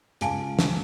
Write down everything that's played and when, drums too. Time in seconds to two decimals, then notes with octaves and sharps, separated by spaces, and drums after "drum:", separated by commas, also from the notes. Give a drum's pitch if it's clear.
0.21 C#2 F5 G#5 A5 D7, drum: hi-hat
0.59 drum: snare